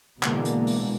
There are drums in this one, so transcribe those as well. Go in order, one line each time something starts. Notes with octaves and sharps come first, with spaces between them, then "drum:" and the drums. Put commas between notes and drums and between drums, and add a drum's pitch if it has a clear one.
B2 D3 E3 G#3 A#3, drum: clap
drum: hi-hat
drum: open hi-hat